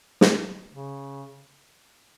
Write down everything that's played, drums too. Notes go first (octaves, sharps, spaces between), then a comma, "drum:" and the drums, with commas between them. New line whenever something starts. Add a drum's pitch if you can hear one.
drum: snare
C#3